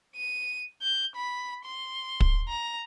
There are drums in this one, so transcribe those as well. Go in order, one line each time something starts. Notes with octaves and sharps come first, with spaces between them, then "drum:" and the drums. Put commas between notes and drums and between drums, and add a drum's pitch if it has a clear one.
D#7
G6
B5
C6
drum: kick
A#5